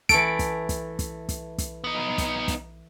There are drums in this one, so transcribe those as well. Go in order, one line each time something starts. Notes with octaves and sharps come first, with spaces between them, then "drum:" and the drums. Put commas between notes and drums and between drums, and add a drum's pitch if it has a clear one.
E3 A3 A4 D7, drum: kick, hi-hat
drum: kick, hi-hat
drum: kick, hi-hat
drum: kick, hi-hat
drum: kick, hi-hat
drum: kick, hi-hat
B3 D#4
drum: kick, hi-hat
drum: kick, hi-hat